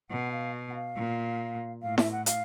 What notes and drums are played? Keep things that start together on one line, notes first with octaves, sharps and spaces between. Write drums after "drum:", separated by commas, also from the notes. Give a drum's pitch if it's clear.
B2 F#5
F5
F#5
F5
A#2
A2 F5
E5, drum: snare E4
F#5
F5, drum: hi-hat